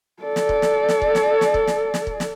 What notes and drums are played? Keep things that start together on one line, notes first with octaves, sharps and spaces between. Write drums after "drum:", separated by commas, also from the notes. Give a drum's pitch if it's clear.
A4 D5
drum: snare
drum: kick
drum: snare
drum: snare
drum: kick
drum: snare
drum: snare
drum: kick
drum: snare
drum: snare
drum: kick
drum: snare